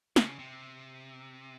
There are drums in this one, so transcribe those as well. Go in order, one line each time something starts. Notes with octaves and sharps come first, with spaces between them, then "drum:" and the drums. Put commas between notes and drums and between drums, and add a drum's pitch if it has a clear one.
C#3, drum: snare
C3